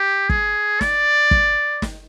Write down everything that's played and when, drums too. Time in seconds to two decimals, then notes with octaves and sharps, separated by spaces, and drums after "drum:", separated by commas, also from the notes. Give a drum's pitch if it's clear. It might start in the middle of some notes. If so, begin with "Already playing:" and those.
Already playing: G4
0.30 G#4, drum: kick
0.81 D5, drum: snare
1.31 drum: kick
1.82 drum: snare